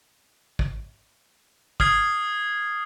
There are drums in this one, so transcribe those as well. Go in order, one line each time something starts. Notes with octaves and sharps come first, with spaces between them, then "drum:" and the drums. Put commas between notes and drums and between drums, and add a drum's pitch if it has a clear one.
drum: kick
D#6 F6 G#6 C7, drum: kick